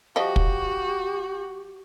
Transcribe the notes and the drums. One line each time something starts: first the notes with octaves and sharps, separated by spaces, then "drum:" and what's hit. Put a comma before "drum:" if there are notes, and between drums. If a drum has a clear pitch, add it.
F3 G3 F#4 G4 D#5
drum: kick